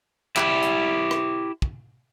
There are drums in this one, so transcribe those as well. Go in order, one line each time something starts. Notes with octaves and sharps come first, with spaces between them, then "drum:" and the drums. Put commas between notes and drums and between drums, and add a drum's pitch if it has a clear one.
E4 G4, drum: clap
drum: hi-hat
drum: rim click
drum: kick